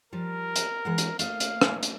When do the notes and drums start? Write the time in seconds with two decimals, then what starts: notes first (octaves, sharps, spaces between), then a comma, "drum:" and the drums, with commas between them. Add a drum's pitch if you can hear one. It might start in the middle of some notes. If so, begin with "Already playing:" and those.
0.13 F3 G3 A#4
0.56 drum: hi-hat
0.85 E3 G#3 F#5
0.98 drum: hi-hat
1.19 A3 A#3 D#5 F5, drum: hi-hat
1.40 drum: hi-hat
1.61 drum: rim click
1.83 drum: hi-hat